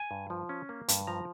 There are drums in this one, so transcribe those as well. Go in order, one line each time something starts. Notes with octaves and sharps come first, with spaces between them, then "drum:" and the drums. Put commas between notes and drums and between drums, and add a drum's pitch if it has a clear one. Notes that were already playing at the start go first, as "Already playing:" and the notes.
Already playing: G#5
G2
F3
C#4
A#3
G2, drum: hi-hat
F3 A#5